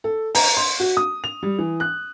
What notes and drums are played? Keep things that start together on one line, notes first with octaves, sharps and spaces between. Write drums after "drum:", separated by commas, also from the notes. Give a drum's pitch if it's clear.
A4
A#5, drum: open hi-hat
C6
F#4
D#6
F7
G3
E3
F#6